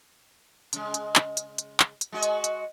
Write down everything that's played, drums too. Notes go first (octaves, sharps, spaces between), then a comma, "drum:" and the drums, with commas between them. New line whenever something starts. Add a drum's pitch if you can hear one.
C#3 G#3, drum: hi-hat
drum: hi-hat
drum: clap
drum: hi-hat
drum: hi-hat
drum: clap
drum: hi-hat
G#3 F#4 D#5
drum: hi-hat
drum: hi-hat